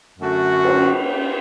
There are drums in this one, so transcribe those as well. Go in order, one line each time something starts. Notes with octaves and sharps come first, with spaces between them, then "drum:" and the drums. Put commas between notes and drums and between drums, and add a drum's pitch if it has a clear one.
F#2 D3 A3 F#4
drum: cymbal